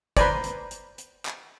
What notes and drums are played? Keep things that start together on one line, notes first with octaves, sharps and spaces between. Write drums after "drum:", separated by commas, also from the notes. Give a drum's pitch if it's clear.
B4 C5 D5 G#5 A#5, drum: kick, hi-hat
drum: hi-hat
drum: hi-hat
drum: hi-hat
drum: clap